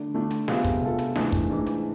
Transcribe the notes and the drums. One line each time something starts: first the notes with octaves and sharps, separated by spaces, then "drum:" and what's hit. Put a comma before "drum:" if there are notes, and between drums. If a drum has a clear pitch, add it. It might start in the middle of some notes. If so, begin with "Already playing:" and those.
Already playing: D3 A3 D4
D3 A3 D4
drum: hi-hat
C3 G#3 B3 F4 A4, drum: snare
drum: kick, hi-hat
C3 G#3 B3 F4 A4
drum: hi-hat
G#2 E3 A3 D4, drum: snare
drum: kick
G#2 E3 A3 D4
drum: hi-hat